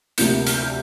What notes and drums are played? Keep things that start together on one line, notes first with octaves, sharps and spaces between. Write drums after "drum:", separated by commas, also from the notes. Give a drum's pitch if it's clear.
D2 C3 F3 A#3 G6, drum: hi-hat
F6, drum: hi-hat
G6
F6